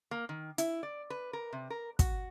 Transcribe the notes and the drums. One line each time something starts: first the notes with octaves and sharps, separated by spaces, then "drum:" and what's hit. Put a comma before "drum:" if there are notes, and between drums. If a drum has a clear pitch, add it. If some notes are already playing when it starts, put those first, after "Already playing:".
A#3
D#3
E4, drum: hi-hat
D5
B4
A#4
C3
A#4
F#4, drum: kick, hi-hat